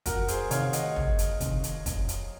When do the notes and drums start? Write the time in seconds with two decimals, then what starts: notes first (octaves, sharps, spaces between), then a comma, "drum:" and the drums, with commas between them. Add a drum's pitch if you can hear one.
0.06 F2 F#4 A#4, drum: kick, hi-hat
0.28 G#4 C5, drum: hi-hat
0.51 C3 D#3 C#5 F5, drum: hi-hat
0.73 D#5 F#5, drum: hi-hat
0.96 F2, drum: tom
1.19 drum: hi-hat
1.40 C3 D#3, drum: kick, hi-hat
1.64 drum: hi-hat
1.86 F2, drum: kick, hi-hat
2.09 drum: hi-hat